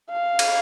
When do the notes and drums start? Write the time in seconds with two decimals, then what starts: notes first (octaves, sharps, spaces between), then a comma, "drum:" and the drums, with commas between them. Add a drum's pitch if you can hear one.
0.11 F5
0.39 drum: cymbal